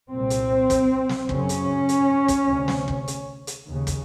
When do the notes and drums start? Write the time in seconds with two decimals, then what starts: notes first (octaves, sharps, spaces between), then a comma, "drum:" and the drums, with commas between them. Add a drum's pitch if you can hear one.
0.10 C2 A#2 C4
0.30 drum: hi-hat
0.70 drum: kick, hi-hat
1.09 drum: snare
1.29 F#2 C#3 C#4, drum: kick
1.49 drum: hi-hat
1.89 drum: hi-hat
2.28 drum: kick, hi-hat
2.48 D2 C3
2.68 drum: snare
2.88 drum: kick
3.08 drum: hi-hat
3.47 drum: hi-hat
3.67 D#2 C#3
3.87 drum: kick, hi-hat